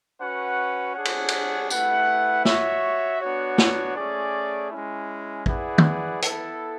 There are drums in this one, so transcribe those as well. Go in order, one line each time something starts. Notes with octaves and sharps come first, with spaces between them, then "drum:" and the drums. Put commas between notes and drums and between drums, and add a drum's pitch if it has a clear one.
C#4 F#4 B4 F#5
D4 G#4 C#5 F#5
drum: cymbal
drum: cymbal
A3 E4 B4 F#5, drum: tambourine
F#4 C#5 E5, drum: snare
B3 D4 F#4 C#5
drum: snare
A3 C#4 G#4 D5
G#3 C#4 E4
E4 G#4 B4 D5 F#5, drum: kick
drum: tom
B3 E4 A4, drum: hi-hat